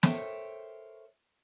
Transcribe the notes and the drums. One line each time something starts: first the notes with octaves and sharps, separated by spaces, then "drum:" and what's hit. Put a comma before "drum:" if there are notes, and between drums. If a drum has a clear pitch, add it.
A4 A#4 C5 C#5 E5 G5, drum: snare